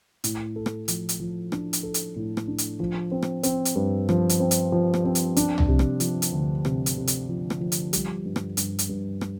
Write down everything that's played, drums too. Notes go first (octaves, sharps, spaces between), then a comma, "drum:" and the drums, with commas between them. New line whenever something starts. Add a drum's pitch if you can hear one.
A2, drum: hi-hat
A4
drum: rim click
F3, drum: hi-hat
drum: hi-hat
F3
D4, drum: rim click
drum: hi-hat
A4
drum: hi-hat
A2
drum: rim click
D4
drum: hi-hat
F3
C4
drum: rim click
C4, drum: hi-hat
drum: hi-hat
G2
F3, drum: rim click
drum: hi-hat
C4
drum: hi-hat
F3
drum: rim click
C4
drum: hi-hat
D4, drum: hi-hat
drum: tom C2
C3
drum: rim click
F3, drum: hi-hat
drum: hi-hat
D2
C3, drum: rim click
drum: hi-hat
C3
drum: hi-hat
F3
drum: rim click
F3
drum: hi-hat
G3, drum: hi-hat
G2
drum: rim click
G2, drum: hi-hat
drum: hi-hat
G2
drum: rim click